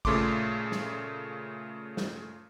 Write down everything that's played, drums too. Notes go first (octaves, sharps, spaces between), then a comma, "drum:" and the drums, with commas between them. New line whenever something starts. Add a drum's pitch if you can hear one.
A#2 C#3 A3 C6 D6, drum: kick A1
drum: snare
drum: snare